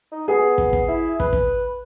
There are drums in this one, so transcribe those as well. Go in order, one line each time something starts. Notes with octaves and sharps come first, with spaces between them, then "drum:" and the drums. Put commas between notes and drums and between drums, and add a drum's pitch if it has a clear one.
D#4
B3 G#4
drum: kick
drum: kick
E4
B4, drum: kick
drum: kick